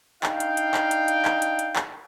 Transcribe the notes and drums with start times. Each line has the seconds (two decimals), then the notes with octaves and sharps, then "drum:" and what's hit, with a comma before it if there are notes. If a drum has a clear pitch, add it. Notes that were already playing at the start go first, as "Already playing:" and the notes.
0.23 D4 D#4 F5 G5, drum: clap
0.40 drum: hi-hat
0.57 drum: hi-hat
0.74 drum: clap
0.91 drum: hi-hat
1.08 drum: hi-hat
1.25 drum: clap
1.42 drum: hi-hat
1.59 drum: hi-hat
1.76 drum: clap